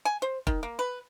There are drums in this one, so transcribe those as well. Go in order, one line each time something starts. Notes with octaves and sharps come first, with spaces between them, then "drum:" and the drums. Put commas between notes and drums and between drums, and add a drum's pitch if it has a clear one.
G#5
C5
D#3, drum: kick
A#3
B4